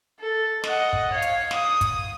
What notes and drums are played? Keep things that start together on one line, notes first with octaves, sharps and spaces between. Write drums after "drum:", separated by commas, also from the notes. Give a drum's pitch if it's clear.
A4
D#5 F#5, drum: snare
drum: kick
C#5 F5
drum: hi-hat
D#6, drum: snare
drum: kick, hi-hat